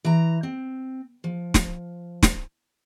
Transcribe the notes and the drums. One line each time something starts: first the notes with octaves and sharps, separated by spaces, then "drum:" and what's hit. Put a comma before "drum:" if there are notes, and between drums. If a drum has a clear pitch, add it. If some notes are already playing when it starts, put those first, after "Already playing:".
E3 A#5
C4
F3
drum: snare
drum: snare